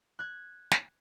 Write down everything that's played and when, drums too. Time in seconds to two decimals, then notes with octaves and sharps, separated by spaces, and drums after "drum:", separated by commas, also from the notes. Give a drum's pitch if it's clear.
0.19 F#6 G#6
0.72 drum: snare